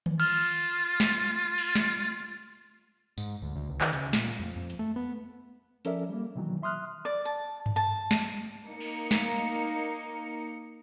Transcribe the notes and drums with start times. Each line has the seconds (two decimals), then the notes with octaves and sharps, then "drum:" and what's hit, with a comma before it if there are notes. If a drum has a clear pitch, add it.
0.06 drum: tom D#3
0.20 F4 F6, drum: cymbal
1.00 drum: snare
1.58 drum: cymbal
1.75 drum: snare
3.18 G#2, drum: tambourine
3.42 D2
3.56 D2
3.69 C#2
3.81 D#3, drum: clap
3.93 C#3, drum: hi-hat
4.13 A#2, drum: snare
4.39 F2
4.56 F2
4.70 drum: hi-hat
4.79 A3
4.96 B3
5.85 F3 C#4 A4 A#4 D5 E5, drum: hi-hat
6.09 G3 A#3
6.36 B2 D#3 E3 F#3
6.62 E5 C6 D#6 F6 F#6
7.05 D5
7.25 A5
7.66 drum: tom G2
7.76 A5
8.11 drum: snare
8.68 A#3 D#4 C#7
8.80 drum: cymbal
9.11 drum: snare